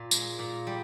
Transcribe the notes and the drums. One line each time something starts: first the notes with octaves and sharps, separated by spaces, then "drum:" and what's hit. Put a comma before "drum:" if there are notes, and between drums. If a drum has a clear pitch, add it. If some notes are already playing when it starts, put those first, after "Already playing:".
Already playing: A#2
G#3, drum: tambourine
A#2
G3